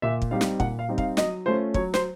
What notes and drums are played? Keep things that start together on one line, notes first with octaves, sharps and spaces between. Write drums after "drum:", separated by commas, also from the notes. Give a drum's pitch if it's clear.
A#2 E5
drum: kick
G3 C4 D#4 F5
drum: snare
A#2 F#5, drum: kick
F5
G3 C4 D#4
F5, drum: kick
F#3 D#5, drum: snare
A3 C#4 F4 C5
F#3 C#5, drum: kick
C5, drum: snare